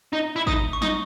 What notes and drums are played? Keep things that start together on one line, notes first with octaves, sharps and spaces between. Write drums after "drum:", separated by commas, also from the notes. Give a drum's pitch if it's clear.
D#4
E4
D#4 D#6, drum: kick
C#6
D#4 D#6, drum: snare